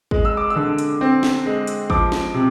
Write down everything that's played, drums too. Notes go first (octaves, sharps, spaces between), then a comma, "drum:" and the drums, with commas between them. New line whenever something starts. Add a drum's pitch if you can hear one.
G#3, drum: kick
E6
D6
E6
D3
drum: hi-hat
C4
drum: snare
G#3
drum: hi-hat
F3 D6, drum: kick
drum: snare
C3